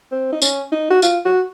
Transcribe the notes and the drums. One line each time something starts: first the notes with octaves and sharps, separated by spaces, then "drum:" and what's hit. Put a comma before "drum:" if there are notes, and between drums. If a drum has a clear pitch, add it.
C4
D#4
C#4, drum: tambourine
D#4
F#4
F4, drum: tambourine
F#4